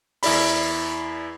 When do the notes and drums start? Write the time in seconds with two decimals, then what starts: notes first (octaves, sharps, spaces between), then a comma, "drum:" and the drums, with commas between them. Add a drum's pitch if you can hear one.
0.23 E2 E4 D5 B5, drum: open hi-hat